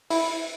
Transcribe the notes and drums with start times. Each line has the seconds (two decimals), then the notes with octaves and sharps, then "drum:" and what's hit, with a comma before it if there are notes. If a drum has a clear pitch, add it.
0.10 E4, drum: open hi-hat